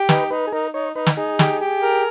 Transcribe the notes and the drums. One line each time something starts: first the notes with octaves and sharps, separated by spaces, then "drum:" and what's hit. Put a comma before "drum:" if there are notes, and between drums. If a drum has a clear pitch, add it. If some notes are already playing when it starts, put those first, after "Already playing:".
Already playing: G4
D#4 B4, drum: snare
D#4 B4
G#4
D#4 A#4
D#4 C#5
D#4 B4
drum: snare
D#4 G#4
G4, drum: snare
G4
A#4